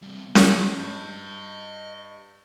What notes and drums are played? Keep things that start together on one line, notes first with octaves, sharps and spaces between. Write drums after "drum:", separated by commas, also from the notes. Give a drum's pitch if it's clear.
G2 C3
D#5 A5, drum: snare C#4
G2 G6